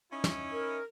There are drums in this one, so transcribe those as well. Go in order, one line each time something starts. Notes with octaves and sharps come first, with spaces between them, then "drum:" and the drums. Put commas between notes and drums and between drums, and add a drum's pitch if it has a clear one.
C#4 D#4 E4
drum: snare
A#4